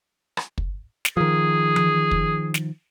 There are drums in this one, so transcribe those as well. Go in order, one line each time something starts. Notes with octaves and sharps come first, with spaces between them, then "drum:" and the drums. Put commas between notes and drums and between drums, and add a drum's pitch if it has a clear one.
drum: rim click
drum: kick
drum: snare
D#3 F3 G#4
drum: tom E3
drum: kick
drum: snare